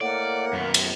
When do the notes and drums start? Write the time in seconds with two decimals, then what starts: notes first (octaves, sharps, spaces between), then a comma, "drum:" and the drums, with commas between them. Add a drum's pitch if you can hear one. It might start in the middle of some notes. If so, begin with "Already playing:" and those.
0.01 A2 A#3 D5 F#5
0.53 F#2 B3
0.74 drum: cymbal